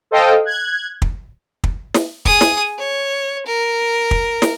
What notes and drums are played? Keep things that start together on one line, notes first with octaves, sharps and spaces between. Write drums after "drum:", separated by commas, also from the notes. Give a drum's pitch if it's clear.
A4 C5 D#5 F5 G5
F#6 G#6
drum: kick
drum: kick
drum: snare
G#4 D#6, drum: kick
drum: snare
C#5
A#4
drum: kick
drum: snare